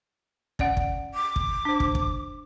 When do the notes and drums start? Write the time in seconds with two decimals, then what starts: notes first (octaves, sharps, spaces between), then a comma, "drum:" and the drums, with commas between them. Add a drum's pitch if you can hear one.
0.59 C#4 D5 F#5, drum: kick
0.77 drum: kick
1.14 D6
1.36 drum: kick
1.65 D4 C5
1.80 drum: kick
1.95 drum: kick